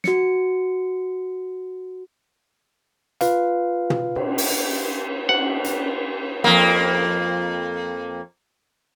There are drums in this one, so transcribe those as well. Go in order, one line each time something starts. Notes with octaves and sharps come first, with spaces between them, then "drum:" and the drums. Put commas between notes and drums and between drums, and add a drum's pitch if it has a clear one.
F#4 C#7, drum: snare
F4 B4 F5, drum: hi-hat
drum: tom
drum: cymbal
drum: open hi-hat
F#5, drum: cymbal
drum: hi-hat
F2 A#3